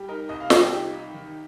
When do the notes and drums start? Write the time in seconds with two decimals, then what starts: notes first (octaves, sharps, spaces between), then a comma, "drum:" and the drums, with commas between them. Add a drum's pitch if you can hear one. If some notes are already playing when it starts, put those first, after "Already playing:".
Already playing: G3 G4
0.09 D#4 A#4
0.29 C2 D#5
0.40 F5
0.50 C2 D#5, drum: snare
0.62 G5
0.71 D#4 G4
0.93 D#4
1.14 D#3